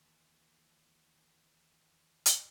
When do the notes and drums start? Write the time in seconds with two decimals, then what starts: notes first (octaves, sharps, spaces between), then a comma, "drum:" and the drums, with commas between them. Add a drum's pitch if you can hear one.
0.01 D#2 E3
2.26 drum: hi-hat